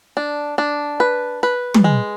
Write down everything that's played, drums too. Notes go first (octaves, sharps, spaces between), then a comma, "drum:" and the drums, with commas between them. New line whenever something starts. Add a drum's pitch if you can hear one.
D4
D4
B4
B4
drum: tom
G#3